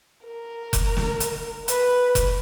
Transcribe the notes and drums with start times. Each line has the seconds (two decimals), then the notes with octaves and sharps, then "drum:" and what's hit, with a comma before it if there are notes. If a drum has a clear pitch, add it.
0.25 A#4
0.73 drum: kick F1, hi-hat
0.97 drum: snare
1.20 drum: hi-hat
1.68 B4, drum: hi-hat
2.15 drum: kick F1, hi-hat